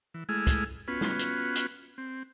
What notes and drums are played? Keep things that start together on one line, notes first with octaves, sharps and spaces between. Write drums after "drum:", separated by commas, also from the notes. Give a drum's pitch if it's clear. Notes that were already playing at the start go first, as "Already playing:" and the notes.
E3
G#3 A3 E4 G#4 F6
drum: kick, hi-hat
B3 C#4 F4 F#4 B4
drum: snare
drum: hi-hat
drum: hi-hat
C4